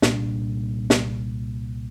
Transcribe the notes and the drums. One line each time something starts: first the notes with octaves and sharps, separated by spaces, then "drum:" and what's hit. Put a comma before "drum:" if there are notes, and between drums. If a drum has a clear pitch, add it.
C2 A#2 G3 D4, drum: snare
drum: snare